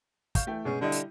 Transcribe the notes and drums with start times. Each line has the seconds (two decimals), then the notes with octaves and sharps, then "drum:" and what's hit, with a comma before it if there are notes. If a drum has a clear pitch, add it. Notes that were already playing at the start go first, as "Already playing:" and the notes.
0.35 F5 C#6 G6, drum: kick, hi-hat
0.47 E3 A3 G5
0.65 B2 G#3 C#4
0.81 D3 G3 E4 D#5
0.92 drum: hi-hat